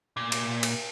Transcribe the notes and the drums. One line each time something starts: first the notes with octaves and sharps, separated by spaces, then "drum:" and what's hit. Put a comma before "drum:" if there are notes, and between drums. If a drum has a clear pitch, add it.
A#2
drum: cymbal
drum: cymbal